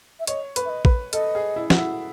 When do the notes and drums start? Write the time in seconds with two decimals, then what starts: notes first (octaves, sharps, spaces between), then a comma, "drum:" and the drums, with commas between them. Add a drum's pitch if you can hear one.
0.20 E5
0.27 C#5 D#5, drum: hi-hat
0.56 B4, drum: hi-hat
0.65 E5
0.70 D#5
0.85 B4, drum: kick A1
1.13 A4 D#5, drum: hi-hat
1.35 G#4
1.56 E4
1.70 F#4, drum: snare
1.77 E4